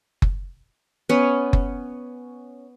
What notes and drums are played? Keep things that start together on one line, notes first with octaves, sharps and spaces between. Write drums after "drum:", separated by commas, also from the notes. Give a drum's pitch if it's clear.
drum: kick F#1
B3 C#4
drum: kick F#1